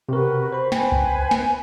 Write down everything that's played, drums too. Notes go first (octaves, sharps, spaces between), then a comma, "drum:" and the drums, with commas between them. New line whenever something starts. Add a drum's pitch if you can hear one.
C3 F#4 A#4 B4 C#6
C5 B5
B4 C5 G5 G#5, drum: snare
drum: kick C2
drum: snare